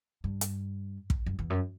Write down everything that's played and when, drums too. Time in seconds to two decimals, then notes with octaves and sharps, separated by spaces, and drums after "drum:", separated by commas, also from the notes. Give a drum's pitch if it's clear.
0.24 G2
0.41 drum: hi-hat
1.10 drum: kick
1.26 F#2
1.39 E2
1.50 F#2